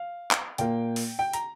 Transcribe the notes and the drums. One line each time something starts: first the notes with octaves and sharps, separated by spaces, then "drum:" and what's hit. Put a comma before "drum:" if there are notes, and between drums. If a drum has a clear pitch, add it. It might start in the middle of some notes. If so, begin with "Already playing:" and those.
Already playing: F5
drum: clap
A#2 A#3 G5, drum: hi-hat
drum: open hi-hat
G5
A#5, drum: hi-hat